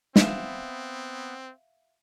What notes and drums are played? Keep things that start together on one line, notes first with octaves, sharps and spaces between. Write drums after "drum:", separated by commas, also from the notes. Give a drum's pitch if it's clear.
B3 C4 E5 F5 E7, drum: snare